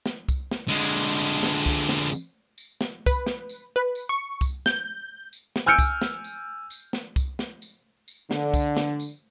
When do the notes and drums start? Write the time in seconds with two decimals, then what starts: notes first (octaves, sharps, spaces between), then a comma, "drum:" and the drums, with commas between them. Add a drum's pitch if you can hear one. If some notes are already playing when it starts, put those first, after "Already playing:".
0.06 drum: snare
0.29 drum: kick C2, tambourine
0.51 drum: snare
0.68 D3 G#3
1.20 drum: tambourine
1.43 drum: snare
1.66 drum: kick C2, tambourine
1.89 drum: snare
2.12 drum: tambourine
2.58 drum: tambourine
2.81 drum: snare
3.06 B4, drum: kick C2, tambourine
3.26 drum: snare
3.49 drum: tambourine
3.76 B4
3.95 drum: tambourine
4.09 C#6
4.41 drum: kick C2, tambourine
4.66 G6, drum: snare
5.33 drum: tambourine
5.56 drum: snare
5.66 G#5 E6 F6 G6 C#7 D7
5.79 drum: kick C2, tambourine
6.02 drum: snare
6.24 drum: tambourine
6.70 drum: tambourine
6.93 drum: snare
7.16 drum: kick C2, tambourine
7.39 drum: snare
7.62 drum: tambourine
8.08 drum: tambourine
8.31 D3, drum: snare
8.54 drum: kick C2, tambourine
8.77 drum: snare
8.99 drum: tambourine